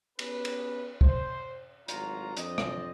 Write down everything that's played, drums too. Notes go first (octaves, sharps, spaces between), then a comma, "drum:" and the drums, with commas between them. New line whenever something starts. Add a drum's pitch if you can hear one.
B3 C#4 G4 G#4 B4, drum: cymbal
drum: cymbal
C5, drum: kick
G#1 A2 F#3 F4 A#5, drum: hi-hat
F2 F3 C4 D4 D#5, drum: hi-hat
drum: rim click